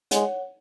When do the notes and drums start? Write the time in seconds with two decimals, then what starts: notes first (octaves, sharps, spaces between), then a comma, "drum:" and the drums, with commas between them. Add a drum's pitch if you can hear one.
0.11 G#3 C#5 F#5, drum: hi-hat